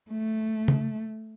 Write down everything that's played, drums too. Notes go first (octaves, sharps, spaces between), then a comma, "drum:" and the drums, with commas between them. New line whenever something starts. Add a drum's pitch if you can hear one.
A3
drum: tom